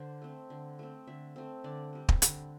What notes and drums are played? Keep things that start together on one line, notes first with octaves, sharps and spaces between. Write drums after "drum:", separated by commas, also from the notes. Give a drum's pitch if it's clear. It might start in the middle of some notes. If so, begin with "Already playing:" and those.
Already playing: D3 C5 D5
A3 C4
D3
A3 C4
D3 E5
A3 C4
D3 D5
G3 C4
drum: kick
D3, drum: hi-hat